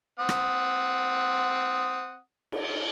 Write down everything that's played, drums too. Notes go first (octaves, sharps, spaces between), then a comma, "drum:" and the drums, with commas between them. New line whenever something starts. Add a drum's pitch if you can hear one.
C4 F#5 D#6
drum: rim click
drum: cymbal